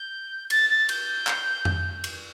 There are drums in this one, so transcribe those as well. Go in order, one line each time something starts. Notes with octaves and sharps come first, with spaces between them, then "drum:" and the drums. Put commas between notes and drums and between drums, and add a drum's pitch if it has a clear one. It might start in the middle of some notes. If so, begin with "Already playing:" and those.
Already playing: G6
A6, drum: cymbal
A6
G6, drum: cymbal
drum: clap
drum: tom F2
drum: cymbal